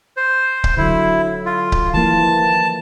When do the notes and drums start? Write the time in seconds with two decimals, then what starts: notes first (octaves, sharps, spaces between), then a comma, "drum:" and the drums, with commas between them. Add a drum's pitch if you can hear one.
0.17 C5
0.64 drum: kick C#1
0.77 D3 F#3 E4
1.46 F4
1.72 drum: kick C#1
1.94 E3 F3 A#3 A5